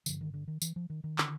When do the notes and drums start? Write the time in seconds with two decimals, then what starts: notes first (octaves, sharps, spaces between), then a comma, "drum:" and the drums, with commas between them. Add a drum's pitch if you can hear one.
0.06 G2 D3 F3, drum: tambourine
0.21 D#3
0.34 D3
0.48 D#3
0.62 E3, drum: tambourine
0.76 F3
0.90 D#3
1.04 D#3
1.18 D3, drum: clap